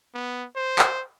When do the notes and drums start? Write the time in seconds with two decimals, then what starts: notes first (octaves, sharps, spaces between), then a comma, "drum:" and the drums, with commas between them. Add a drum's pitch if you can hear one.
0.15 B3
0.56 C5
0.79 drum: clap